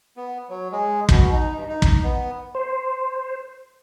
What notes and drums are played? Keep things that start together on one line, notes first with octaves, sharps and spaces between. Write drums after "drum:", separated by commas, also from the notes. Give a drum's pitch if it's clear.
B3
F#3
G#3
B2, drum: kick
D#4
G2
D#4
drum: kick
B3
C5